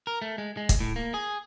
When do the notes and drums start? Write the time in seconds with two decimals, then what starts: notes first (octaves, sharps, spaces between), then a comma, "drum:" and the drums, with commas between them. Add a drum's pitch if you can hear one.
0.07 A#4
0.22 A3
0.38 G#3
0.57 G#3
0.69 drum: kick, hi-hat
0.80 A2
0.96 A#3
1.14 G#4